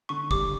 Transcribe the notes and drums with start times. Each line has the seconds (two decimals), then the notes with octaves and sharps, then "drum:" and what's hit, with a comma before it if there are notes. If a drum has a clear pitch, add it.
0.09 D3 C#6
0.31 G3 D6, drum: kick